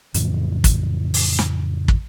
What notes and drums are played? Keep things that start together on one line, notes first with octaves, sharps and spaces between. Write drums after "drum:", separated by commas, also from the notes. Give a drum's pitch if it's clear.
F2 A2 C#3 E3, drum: hi-hat
drum: kick, hi-hat
drum: open hi-hat
drum: snare
drum: kick